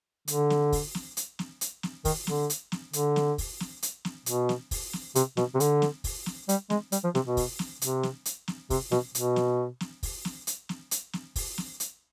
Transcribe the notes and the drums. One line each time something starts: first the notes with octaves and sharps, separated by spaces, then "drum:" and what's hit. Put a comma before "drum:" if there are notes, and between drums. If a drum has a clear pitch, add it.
D3, drum: hi-hat
drum: snare
drum: kick, open hi-hat
drum: snare
drum: hi-hat
drum: snare
drum: hi-hat
drum: snare
D#3, drum: kick, open hi-hat
D3, drum: snare
drum: hi-hat
drum: snare
D3, drum: hi-hat
drum: snare
drum: kick, open hi-hat
drum: snare
drum: hi-hat
drum: snare
B2, drum: hi-hat
drum: snare
drum: kick, open hi-hat
drum: snare
C3, drum: hi-hat
B2, drum: snare
C3
D3, drum: hi-hat
drum: snare
drum: kick, open hi-hat
drum: snare
G3, drum: hi-hat
G#3, drum: snare
G3, drum: hi-hat
F3
C3, drum: snare
B2
drum: kick, open hi-hat
drum: snare
C3, drum: hi-hat
drum: snare
drum: hi-hat
drum: snare
C3, drum: kick, open hi-hat
B2, drum: snare
B2, drum: hi-hat
drum: snare
drum: snare
drum: kick, open hi-hat
drum: snare
drum: hi-hat
drum: snare
drum: hi-hat
drum: snare
drum: kick, open hi-hat
drum: snare
drum: hi-hat